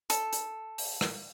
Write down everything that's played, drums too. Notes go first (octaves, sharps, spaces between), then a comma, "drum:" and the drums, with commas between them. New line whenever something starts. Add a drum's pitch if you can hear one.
A4, drum: hi-hat
drum: hi-hat
drum: open hi-hat
drum: rim click